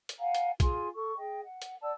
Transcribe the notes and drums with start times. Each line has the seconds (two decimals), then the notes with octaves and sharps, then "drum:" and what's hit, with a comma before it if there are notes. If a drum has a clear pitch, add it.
0.09 drum: hi-hat
0.18 F5 F#5 G#5 A#5
0.35 drum: hi-hat
0.60 F4 G#4 G#5 C6, drum: kick B1, hi-hat
0.92 A4 C#6
1.17 G#4 D#5 G5
1.44 F#5
1.62 drum: hi-hat
1.81 D5 F#5 A5 E6